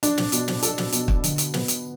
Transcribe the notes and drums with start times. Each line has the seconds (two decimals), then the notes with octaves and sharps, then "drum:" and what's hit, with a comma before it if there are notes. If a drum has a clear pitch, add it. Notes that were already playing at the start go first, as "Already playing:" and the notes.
0.03 D4, drum: hi-hat
0.18 drum: snare
0.32 B2, drum: hi-hat
0.48 drum: snare
0.63 A4, drum: hi-hat
0.78 drum: snare
0.92 B2, drum: hi-hat
1.08 drum: kick
1.24 D3, drum: hi-hat
1.38 drum: hi-hat
1.54 B3, drum: snare
1.68 drum: hi-hat